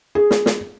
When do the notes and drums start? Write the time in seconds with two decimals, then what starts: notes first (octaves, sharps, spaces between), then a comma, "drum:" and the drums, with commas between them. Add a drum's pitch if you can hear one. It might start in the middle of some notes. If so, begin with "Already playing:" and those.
0.15 G#4
0.31 drum: snare
0.46 drum: snare